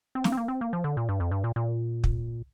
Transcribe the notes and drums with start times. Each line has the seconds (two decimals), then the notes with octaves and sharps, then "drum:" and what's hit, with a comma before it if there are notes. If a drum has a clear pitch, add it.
0.15 C4
0.24 A#3, drum: snare
0.32 C4
0.37 A#3
0.48 C4
0.61 A#3
0.73 F3
0.84 D3
0.97 A#2
1.09 G2
1.20 F2
1.31 G2
1.44 A#2
1.56 A#2
2.04 drum: kick